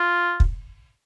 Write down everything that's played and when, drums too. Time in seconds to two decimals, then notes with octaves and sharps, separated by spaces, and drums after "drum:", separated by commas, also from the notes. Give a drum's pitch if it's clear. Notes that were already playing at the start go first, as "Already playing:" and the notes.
Already playing: F4
0.40 drum: kick